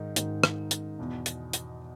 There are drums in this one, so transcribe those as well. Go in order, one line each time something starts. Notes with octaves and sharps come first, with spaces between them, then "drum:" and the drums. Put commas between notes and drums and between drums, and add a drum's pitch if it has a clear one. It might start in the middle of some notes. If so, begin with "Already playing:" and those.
Already playing: G#2 D#3 D#4
G#2 D#3, drum: hi-hat
drum: rim click
drum: hi-hat
E2 B2
drum: hi-hat
drum: hi-hat